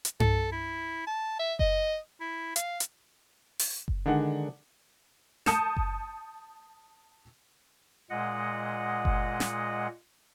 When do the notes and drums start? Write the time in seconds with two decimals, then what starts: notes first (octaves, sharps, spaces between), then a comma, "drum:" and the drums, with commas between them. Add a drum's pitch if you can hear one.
0.05 drum: hi-hat
0.20 A4, drum: tom G2
0.52 E4
1.07 A5
1.39 E5
1.59 D#5, drum: kick F#1
2.20 E4
2.56 F5, drum: hi-hat
2.80 drum: hi-hat
3.59 drum: open hi-hat
3.88 drum: kick F#1
4.06 D3 D#3 G#3 D4 D#4 F#5
5.46 A5 D#6 G6 C#7 E7, drum: snare
5.77 drum: kick F#1
8.10 A#2 G#3 D#5 F#5
9.05 drum: kick F#1
9.40 drum: snare